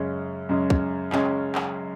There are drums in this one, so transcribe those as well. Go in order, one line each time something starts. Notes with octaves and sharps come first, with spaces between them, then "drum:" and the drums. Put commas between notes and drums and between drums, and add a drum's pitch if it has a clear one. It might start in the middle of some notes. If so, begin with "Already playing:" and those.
Already playing: F#2 C#3 G#3 C#4
F#2 C#3 G#3 C#4
drum: kick
C#3 G#3 C#4, drum: clap
drum: clap